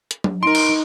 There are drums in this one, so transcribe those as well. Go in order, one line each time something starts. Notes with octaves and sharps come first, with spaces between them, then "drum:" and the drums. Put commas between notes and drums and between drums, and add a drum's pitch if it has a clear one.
drum: hi-hat
drum: tom F#3
D#4 A#4 C6 D7
drum: cymbal